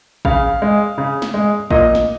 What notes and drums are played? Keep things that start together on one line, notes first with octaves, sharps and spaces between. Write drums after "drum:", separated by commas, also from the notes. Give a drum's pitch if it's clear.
C#3 F5, drum: kick A1
G#3
C#3
drum: snare
G#3
A#2 D#5, drum: kick A1
drum: snare